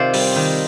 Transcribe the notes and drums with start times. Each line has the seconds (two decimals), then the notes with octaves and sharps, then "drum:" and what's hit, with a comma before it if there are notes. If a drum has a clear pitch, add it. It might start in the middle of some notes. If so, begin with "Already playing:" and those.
Already playing: C3 D#3 F4 C5 D5
0.13 G3, drum: open hi-hat
0.36 D#3